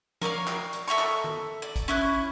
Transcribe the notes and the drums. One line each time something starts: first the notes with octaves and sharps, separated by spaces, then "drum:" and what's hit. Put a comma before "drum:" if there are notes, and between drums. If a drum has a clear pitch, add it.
A#4 C#5 D5 F5, drum: tom
drum: clap
drum: hi-hat
A4 E5 A#5 C#6
drum: clap
drum: tom D#3
D5
drum: kick, hi-hat
C#4 E4 F#6